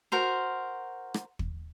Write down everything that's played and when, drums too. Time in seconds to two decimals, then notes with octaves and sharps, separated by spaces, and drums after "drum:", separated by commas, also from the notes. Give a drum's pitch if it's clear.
0.12 F#4 A#4 C5
1.14 drum: rim click
1.39 drum: kick